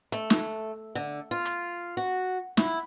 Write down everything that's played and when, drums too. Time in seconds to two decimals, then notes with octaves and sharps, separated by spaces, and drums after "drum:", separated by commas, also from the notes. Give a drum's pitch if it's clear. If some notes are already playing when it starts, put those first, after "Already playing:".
0.12 A3, drum: hi-hat
0.30 drum: snare
0.95 D3
1.31 F4
1.45 drum: hi-hat
1.97 F#4
2.57 E4, drum: snare